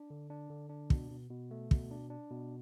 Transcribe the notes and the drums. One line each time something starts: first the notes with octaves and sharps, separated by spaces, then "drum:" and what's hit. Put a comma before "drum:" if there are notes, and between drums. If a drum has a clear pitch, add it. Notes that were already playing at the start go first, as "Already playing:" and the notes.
Already playing: D4
D3
D4
D3
D4
B2, drum: kick
B2
B2
A3
B2, drum: kick
D4
D4
B2